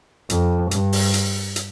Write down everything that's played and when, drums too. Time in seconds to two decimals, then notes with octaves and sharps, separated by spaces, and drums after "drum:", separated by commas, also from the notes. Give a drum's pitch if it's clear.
0.30 F2, drum: hi-hat
0.71 G2, drum: hi-hat
0.92 drum: open hi-hat
1.14 drum: hi-hat
1.56 drum: hi-hat